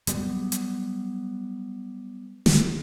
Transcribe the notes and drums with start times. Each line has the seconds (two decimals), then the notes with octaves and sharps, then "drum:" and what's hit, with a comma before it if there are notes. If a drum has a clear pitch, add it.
0.07 F#3 G3 B3, drum: hi-hat
0.52 drum: hi-hat
2.46 drum: snare